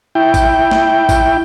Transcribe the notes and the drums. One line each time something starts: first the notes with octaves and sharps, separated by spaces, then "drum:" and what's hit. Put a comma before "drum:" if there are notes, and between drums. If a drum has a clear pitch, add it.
E4 G5
drum: kick, tambourine
drum: snare
drum: kick, tambourine